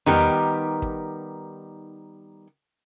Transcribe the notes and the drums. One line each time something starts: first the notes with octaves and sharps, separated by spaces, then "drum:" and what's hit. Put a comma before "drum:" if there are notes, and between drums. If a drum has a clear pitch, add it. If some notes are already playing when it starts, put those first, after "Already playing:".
D#3 G3 B3 D#4 G4 A#4, drum: tom E2
drum: kick